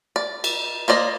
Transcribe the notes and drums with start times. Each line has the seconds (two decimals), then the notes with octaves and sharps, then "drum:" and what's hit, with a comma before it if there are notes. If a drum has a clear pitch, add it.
0.16 D5
0.44 drum: cymbal
0.88 A#3 C5 D5 D#5